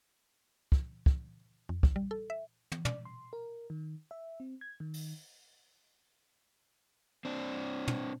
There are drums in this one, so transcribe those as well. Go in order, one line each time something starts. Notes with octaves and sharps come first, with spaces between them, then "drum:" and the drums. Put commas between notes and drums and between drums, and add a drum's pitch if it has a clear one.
drum: kick
drum: kick
F2
A#1, drum: kick
G3
A4
E5
drum: tom
D5, drum: tom
C6
A#4
D#3
E5
C4
G#6
D#3
drum: open hi-hat
C4 D4
drum: tom